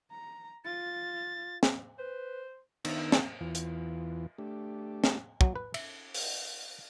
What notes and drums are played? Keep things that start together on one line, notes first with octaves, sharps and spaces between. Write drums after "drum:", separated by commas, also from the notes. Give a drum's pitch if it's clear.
A#5
F4 A6
drum: snare
B4 C5
D#3 B3 D4 D#4 E6, drum: cymbal
drum: snare
E2 E3 F4
drum: hi-hat
A3 D4 G4
drum: snare
F#3, drum: kick
B4
E5, drum: cymbal
drum: open hi-hat